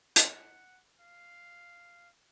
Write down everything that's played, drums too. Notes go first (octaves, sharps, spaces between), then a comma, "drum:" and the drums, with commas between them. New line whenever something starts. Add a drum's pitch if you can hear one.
F#5, drum: hi-hat
F5